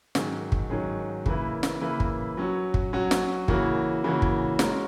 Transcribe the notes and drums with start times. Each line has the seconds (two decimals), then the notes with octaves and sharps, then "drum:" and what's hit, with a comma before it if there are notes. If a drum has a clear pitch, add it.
0.15 G#2 D#3 F#3 C#4 G#4, drum: snare
0.52 drum: kick
0.70 G#2 D#3 F#3 C#4 G#4
1.26 C#3 E3 A#3 E4 B4, drum: kick
1.63 drum: snare
1.81 C#3 E3 A#3 E4 B4
2.00 drum: kick
2.37 F#3 C#4 F#4
2.74 drum: kick
2.93 F#3 C#4 F#4
3.11 drum: snare
3.48 C#3 E3 A#3 C#4 F#4, drum: kick
4.04 C#3 E3 A#3 C#4 F#4
4.22 drum: kick
4.59 G#3 C#4 F#4 A#4 C#5, drum: snare